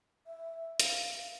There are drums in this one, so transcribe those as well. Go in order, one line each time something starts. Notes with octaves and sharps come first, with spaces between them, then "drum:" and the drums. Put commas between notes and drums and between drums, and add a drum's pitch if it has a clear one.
E5
F5, drum: hi-hat